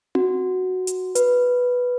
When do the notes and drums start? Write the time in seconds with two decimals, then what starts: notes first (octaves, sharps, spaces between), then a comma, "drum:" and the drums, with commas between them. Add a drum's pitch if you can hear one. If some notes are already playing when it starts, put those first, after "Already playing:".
0.15 F#4, drum: tom C4
0.87 drum: hi-hat
1.15 B4, drum: hi-hat